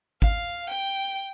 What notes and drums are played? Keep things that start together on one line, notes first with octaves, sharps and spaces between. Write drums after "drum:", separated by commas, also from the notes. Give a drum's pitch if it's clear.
F5, drum: kick G#1
G5